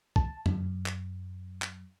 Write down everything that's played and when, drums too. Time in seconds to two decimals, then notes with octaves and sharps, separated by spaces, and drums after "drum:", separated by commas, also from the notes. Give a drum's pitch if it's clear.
0.16 A5, drum: kick
0.46 F#2, drum: tom
0.86 drum: clap
1.62 drum: clap